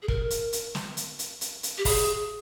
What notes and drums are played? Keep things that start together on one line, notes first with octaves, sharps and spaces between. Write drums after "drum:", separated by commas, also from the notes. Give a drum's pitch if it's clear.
G#4
A#4, drum: kick
drum: hi-hat
drum: hi-hat
drum: snare
drum: hi-hat
drum: hi-hat
drum: hi-hat
drum: hi-hat
G4
G#4, drum: kick, open hi-hat